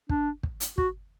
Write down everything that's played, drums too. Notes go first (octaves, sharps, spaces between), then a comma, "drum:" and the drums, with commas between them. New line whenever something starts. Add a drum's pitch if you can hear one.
D4, drum: kick
drum: kick
drum: hi-hat
F#4, drum: kick